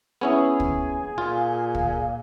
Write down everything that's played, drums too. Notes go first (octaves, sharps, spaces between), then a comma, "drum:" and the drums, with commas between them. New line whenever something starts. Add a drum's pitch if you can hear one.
B3 C#4 E4 G#4
drum: kick
A#2 F4
drum: kick